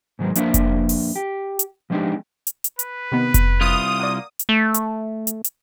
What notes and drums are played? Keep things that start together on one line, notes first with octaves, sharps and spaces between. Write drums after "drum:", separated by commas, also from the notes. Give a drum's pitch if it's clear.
G#2 D#3 F#3 G#3
F2 F3 A#3 D4 F4 E5, drum: hi-hat
drum: kick F1, hi-hat
drum: open hi-hat
G4
drum: hi-hat
F3 G#3 C4 D4 D#4 G4
drum: hi-hat
drum: hi-hat
B4, drum: hi-hat
C3 D#3 B3
drum: kick F1, hi-hat
C2 F4 D#6
A#3 D5 F#5
drum: hi-hat
A3
drum: hi-hat
drum: hi-hat
drum: hi-hat